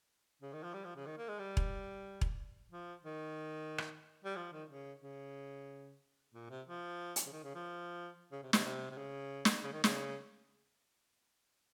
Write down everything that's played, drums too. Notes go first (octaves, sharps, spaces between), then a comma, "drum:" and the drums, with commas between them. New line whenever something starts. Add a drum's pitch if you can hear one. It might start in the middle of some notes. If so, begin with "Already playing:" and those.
C#3
D#3
F3
G3
F3
C#3
D#3
A#3
G#3
G3
drum: kick E1
drum: kick E1
F3
D#3
drum: rim click
G3
F3
D#3
C#3
C#3
A#2
C3
F3
drum: hi-hat
C#3
D#3
C#3
F3
C#3
C3
C3, drum: snare
C3
C3
C#3
drum: snare
C#3
D#3
C#3, drum: snare